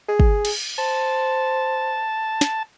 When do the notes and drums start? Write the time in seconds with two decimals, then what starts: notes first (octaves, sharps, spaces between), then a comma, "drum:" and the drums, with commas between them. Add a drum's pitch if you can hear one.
0.08 G#4
0.20 drum: kick
0.45 drum: cymbal
0.78 C5 A5
2.41 drum: snare